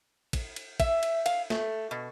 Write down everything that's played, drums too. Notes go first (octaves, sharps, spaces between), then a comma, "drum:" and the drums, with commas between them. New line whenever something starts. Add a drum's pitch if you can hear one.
drum: kick, cymbal
drum: cymbal
E5, drum: kick, cymbal
drum: cymbal
F5, drum: cymbal
A3, drum: snare
B2